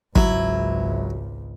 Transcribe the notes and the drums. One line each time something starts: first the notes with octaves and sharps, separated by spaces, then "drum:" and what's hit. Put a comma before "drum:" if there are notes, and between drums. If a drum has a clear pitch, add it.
G#1 C#2 F#3 E4, drum: kick